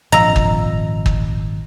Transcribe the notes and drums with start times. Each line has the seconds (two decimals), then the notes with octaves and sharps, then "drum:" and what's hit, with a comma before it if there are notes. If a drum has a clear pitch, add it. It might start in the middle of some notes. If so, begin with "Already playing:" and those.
0.12 G#1 A#2 F3 D#5 A#5 E6
0.36 drum: kick
1.06 drum: kick